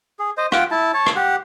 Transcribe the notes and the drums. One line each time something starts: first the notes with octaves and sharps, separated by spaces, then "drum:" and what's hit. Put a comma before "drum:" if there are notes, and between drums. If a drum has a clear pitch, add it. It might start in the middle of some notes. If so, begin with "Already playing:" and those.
G#4
C5 D#5
F4 F#5 G5, drum: rim click
E4 A5
C#5 A5
drum: rim click
G4 F#5